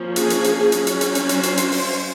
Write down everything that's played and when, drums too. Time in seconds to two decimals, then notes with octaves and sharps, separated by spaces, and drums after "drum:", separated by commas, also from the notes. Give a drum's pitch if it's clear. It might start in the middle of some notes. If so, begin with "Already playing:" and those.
Already playing: F3 A#3 C#4
0.16 G#4, drum: hi-hat
0.30 drum: hi-hat
0.44 drum: hi-hat
0.72 F#3 C#4, drum: hi-hat
0.87 drum: hi-hat
1.01 drum: hi-hat
1.15 drum: hi-hat
1.29 C5, drum: hi-hat
1.43 drum: hi-hat
1.57 drum: hi-hat
1.72 drum: open hi-hat